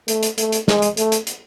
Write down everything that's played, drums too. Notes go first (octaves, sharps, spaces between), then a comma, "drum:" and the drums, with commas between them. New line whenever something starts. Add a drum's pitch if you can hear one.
A3, drum: hi-hat
drum: hi-hat
A3, drum: hi-hat
drum: hi-hat
G#3, drum: snare
drum: hi-hat
A3, drum: hi-hat
drum: hi-hat
drum: hi-hat